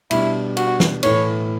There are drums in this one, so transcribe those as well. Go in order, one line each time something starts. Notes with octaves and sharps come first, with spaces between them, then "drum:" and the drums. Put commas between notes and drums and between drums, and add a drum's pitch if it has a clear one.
B2 G3 D4 E4, drum: cymbal
F#4, drum: cymbal
drum: snare
A2 E3 A3 E4 C#5, drum: cymbal